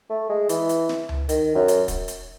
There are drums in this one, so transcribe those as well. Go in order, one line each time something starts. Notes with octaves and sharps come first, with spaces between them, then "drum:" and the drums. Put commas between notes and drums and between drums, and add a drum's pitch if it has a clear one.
A3
G#3
E3, drum: hi-hat
drum: hi-hat
drum: snare
drum: tom C#2
D#3, drum: hi-hat
F#2
drum: hi-hat
drum: kick, hi-hat
drum: hi-hat